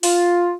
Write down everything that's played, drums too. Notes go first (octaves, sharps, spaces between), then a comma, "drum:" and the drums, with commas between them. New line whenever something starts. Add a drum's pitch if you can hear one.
F4, drum: open hi-hat